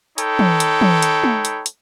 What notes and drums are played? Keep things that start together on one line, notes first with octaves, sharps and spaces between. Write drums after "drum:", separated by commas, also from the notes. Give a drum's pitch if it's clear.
D#4 A4 C#5 G5 B5, drum: hi-hat
drum: tom
drum: hi-hat
drum: tom
drum: hi-hat
drum: tom
drum: hi-hat
drum: hi-hat